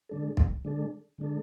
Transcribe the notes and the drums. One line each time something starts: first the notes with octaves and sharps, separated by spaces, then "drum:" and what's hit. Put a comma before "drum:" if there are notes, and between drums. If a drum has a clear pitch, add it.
D3 G#3 D4 A4
drum: kick
D3 G#3 D4 A4
D3 G#3 D4 A4